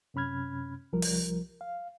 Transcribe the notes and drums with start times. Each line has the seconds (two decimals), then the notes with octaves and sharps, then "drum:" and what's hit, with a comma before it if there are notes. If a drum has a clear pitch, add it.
0.14 F#2 C3 C#4 B5 F6 G#6
0.93 C2 F3 G3 A#4
1.02 drum: open hi-hat
1.61 F5